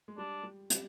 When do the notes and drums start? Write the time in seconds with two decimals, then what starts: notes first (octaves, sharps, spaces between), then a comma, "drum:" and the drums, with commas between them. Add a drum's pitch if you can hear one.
0.08 G#3
0.18 G3 D4
0.43 G3
0.70 G3, drum: hi-hat